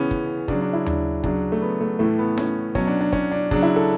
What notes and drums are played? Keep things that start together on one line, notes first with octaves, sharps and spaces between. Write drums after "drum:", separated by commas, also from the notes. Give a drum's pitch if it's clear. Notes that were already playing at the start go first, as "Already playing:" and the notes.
Already playing: C#3 E3 B3 C#4
drum: kick
C#3 F#3 D4, drum: kick
D4
E4
D4, drum: tom D#2
C#3 F#3 D4, drum: kick
A3
B3
A3
A2 E3 A3
B3
C#4, drum: snare D#4
B2 F#3 C#4, drum: kick
D4
D4
C#4, drum: kick
D4
C#3 F#3 D4, drum: kick
E4
A4